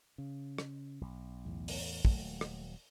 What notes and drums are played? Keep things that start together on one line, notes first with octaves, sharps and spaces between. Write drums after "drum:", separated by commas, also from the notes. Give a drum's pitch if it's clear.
C#3
drum: rim click
B1
E2 A2
drum: open hi-hat
D#1 F#3 A3, drum: kick
drum: rim click